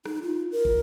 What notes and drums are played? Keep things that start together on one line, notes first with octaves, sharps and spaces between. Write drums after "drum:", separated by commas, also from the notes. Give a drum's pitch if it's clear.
D#4, drum: rim click
F4
A#4
drum: kick